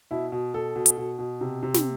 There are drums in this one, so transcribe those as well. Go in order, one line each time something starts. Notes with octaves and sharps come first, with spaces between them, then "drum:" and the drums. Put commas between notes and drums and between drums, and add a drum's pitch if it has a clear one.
B2 E4
B2
B2 A4
B2
drum: hi-hat
B2
B2
C3
C3
drum: snare